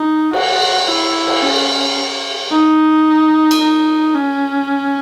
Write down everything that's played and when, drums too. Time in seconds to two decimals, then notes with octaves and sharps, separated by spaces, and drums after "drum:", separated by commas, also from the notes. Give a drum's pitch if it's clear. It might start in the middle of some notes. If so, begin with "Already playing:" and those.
Already playing: D#4
0.33 F#4, drum: cymbal
0.88 E4
1.27 drum: cymbal
1.43 C#4
2.52 D#4
3.51 drum: cymbal
3.61 D#4
4.15 C#4